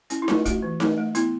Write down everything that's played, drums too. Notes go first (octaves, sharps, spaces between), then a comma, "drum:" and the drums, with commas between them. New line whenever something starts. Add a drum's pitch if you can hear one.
C#4 E4, drum: hi-hat
E4
A3 F4, drum: snare D#4
A3 F#4, drum: kick, hi-hat
E3
A3, drum: snare D#4
A3
B3 E4, drum: hi-hat